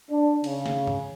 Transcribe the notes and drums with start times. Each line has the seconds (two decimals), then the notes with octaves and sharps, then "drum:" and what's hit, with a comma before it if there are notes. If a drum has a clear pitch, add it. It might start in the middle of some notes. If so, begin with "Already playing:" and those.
0.10 D4
0.44 C#3, drum: cymbal
0.66 drum: snare
0.87 drum: tom G2